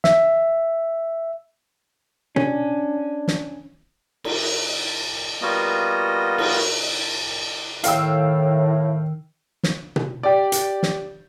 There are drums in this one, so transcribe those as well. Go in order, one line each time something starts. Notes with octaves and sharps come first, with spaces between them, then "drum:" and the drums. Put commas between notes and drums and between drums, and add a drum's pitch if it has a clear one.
E5, drum: snare
C#4 D4, drum: tom B2
drum: snare
drum: cymbal
G3 A#3 B3 F4 F#4 D#5
drum: cymbal
A2 D#3 F5 G5 E6, drum: hi-hat
drum: snare
drum: tom B2
G4 D5
drum: hi-hat
drum: snare